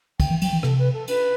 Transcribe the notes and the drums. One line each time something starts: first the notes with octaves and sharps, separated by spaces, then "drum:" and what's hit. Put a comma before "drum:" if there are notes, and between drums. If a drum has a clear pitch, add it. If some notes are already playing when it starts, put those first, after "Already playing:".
D3 G5, drum: kick, cymbal
E3
F#3 G5, drum: cymbal
E3
C3 A4, drum: rim click
B4
A4
B4, drum: cymbal